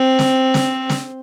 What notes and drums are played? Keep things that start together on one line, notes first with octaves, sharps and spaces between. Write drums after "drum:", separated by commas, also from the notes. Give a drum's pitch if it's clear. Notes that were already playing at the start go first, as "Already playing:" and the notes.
Already playing: C4
drum: snare
drum: snare
drum: snare